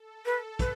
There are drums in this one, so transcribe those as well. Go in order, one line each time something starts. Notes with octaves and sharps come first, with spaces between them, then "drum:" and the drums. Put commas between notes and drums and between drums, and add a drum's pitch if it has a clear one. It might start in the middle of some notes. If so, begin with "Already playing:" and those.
Already playing: A4
B4
B4, drum: kick, hi-hat